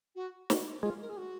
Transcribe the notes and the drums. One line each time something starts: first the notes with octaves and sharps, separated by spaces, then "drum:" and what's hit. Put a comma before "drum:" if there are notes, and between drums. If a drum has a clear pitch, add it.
F#4
F#4, drum: snare
G#3 F4
A#4
G#4
F#4